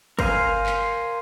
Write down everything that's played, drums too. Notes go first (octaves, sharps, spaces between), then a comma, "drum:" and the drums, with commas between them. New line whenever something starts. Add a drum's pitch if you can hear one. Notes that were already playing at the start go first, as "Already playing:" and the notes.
A#4 C5 F5 G#5, drum: kick, cymbal
drum: clap